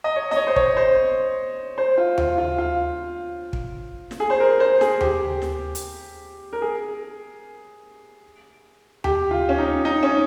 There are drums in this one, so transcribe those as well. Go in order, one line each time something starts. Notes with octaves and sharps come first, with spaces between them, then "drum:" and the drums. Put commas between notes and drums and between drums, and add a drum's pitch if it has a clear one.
D#5
C#5
D#5, drum: snare
C#5
C5
C#5, drum: kick
C5
C5
F4
F4, drum: tom D#2
F4
F4
drum: kick
drum: snare
G#4
C5
A#4
C5
G#4, drum: snare
G4, drum: tom D#2
drum: snare
drum: hi-hat
A#4
G#4
G4, drum: tom D#2
F4
C#4
D#4
D#4
C#4